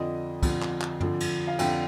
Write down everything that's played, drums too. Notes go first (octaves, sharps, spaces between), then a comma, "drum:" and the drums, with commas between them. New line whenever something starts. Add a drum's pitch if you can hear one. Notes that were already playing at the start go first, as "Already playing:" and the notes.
Already playing: F2 D3 F3 D#5
F2 D3 F3, drum: kick, cymbal
drum: clap
drum: clap
F2 D3 F3, drum: tom
drum: cymbal
F5
F2 D3 F3 G5, drum: cymbal